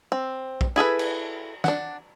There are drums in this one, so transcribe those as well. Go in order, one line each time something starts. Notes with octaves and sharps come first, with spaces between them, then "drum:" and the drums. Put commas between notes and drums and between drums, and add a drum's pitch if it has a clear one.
C4
drum: kick
E4 G#4 A4 B4
drum: cymbal
D4 F#5, drum: snare